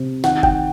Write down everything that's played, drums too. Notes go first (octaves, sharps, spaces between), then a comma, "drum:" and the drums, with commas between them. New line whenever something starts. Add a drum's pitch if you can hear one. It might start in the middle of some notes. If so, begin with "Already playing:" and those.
Already playing: C3
D#3 F#5, drum: snare
G5, drum: kick